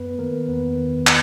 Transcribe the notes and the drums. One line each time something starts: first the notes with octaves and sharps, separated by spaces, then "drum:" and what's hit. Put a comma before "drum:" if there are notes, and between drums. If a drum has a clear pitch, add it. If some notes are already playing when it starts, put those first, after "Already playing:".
Already playing: F#2 B3 B4
D#3 A#3 A#4
E2 B3 B4
D#3
drum: clap